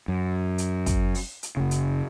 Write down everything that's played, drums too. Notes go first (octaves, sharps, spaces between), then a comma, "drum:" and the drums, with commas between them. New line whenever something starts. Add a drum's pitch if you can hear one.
F#2
drum: hi-hat
drum: kick, hi-hat
drum: open hi-hat
drum: hi-hat
F#1 C#3
drum: hi-hat